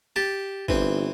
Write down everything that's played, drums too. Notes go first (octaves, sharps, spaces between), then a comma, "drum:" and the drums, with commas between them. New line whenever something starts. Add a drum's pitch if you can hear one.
G4 A5
G1 E3 C4, drum: kick G1